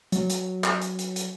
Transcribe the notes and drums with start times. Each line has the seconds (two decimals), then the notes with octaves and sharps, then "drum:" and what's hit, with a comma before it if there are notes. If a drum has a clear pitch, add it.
0.12 F#3, drum: hi-hat
0.30 drum: hi-hat
0.64 drum: clap
0.81 drum: hi-hat
0.99 drum: hi-hat
1.16 drum: hi-hat